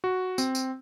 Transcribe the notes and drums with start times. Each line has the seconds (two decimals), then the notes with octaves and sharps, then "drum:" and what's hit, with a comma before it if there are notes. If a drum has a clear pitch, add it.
0.04 F#4
0.38 C4, drum: tambourine
0.55 drum: tambourine